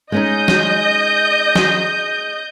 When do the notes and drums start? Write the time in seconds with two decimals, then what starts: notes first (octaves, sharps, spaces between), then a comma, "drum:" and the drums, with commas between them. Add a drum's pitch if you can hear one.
0.12 G#3 C#4 D#4 D#5 G6
0.48 drum: snare
1.55 drum: snare